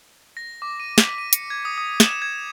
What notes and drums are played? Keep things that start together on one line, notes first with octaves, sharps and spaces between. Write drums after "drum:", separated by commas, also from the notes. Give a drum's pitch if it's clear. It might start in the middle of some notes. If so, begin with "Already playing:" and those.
A#6
D6
D#7
B6, drum: snare
D#7
C#7, drum: hi-hat
G#6
D#6
D#6
E7, drum: snare
G#6